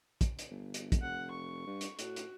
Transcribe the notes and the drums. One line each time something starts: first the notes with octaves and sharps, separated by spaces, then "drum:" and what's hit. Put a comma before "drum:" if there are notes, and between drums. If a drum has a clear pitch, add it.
drum: kick, hi-hat
drum: hi-hat
G1
drum: hi-hat
drum: kick, hi-hat
F1 F#5
C#6
G2
drum: hi-hat
A2 F#4, drum: hi-hat
drum: hi-hat